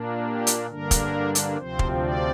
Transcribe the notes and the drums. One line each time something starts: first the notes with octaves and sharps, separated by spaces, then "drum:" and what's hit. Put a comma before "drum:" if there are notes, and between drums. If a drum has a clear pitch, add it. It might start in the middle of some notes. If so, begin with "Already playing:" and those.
Already playing: A#2 A#3 D4
G4
drum: hi-hat
G2 D3 A#3 D4 A#4
drum: kick, hi-hat
drum: hi-hat
D2 C3 F3 C4 C5
drum: kick
D5